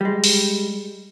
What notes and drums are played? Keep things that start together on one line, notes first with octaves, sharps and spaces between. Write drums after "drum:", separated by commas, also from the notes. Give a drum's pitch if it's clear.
G3 G#3
drum: open hi-hat